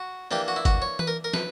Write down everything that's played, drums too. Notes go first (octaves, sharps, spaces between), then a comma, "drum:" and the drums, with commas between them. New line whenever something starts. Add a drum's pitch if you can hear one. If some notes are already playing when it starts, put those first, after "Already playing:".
Already playing: F#4
E3 A#3 D4 G4
F#4
E4
F#4, drum: kick, hi-hat
C#5
B4, drum: tom E3
A#4
A#4
B4, drum: snare